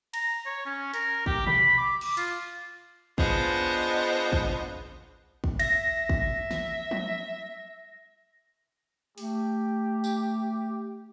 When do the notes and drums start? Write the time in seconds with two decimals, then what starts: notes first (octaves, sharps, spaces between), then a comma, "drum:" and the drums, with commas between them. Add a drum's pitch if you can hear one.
0.14 A#5, drum: cymbal
0.46 C#5
0.66 C#4
0.94 A#4, drum: hi-hat
1.26 G4, drum: kick
1.47 B5, drum: tom B2
1.78 D6
2.01 D6, drum: cymbal
2.17 F4, drum: hi-hat
3.18 B3 D4 F4 G#4 C5 D#5, drum: kick
4.32 drum: kick
5.44 drum: kick
5.59 E5 A#6, drum: cymbal
6.09 drum: kick
6.51 drum: snare
6.91 drum: tom F3
9.18 A3 G4, drum: open hi-hat
10.04 drum: tambourine